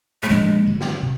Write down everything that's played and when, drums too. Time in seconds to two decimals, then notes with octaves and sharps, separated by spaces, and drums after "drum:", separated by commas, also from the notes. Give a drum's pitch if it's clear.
0.23 A3, drum: tom
0.29 A#2 F3 G#3 A#3 D4
0.66 G2 D3 F#3
0.80 drum: snare
1.03 C3